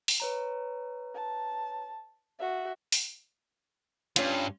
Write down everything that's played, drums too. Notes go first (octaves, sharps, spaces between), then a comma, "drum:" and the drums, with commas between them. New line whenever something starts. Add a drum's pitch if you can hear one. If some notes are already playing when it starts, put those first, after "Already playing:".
drum: open hi-hat
B4 C#5 A#5
A5
F#4 E5
drum: open hi-hat
G2 C#4 F4, drum: hi-hat